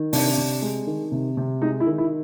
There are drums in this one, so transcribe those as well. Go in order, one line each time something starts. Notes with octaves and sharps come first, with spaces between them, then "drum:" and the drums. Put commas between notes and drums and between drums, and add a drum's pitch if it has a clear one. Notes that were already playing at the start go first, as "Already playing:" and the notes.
Already playing: D#3
C3 D4, drum: open hi-hat
C3
G#3
D#3
C3
C3
G#3 D#4
E4
D#3
E4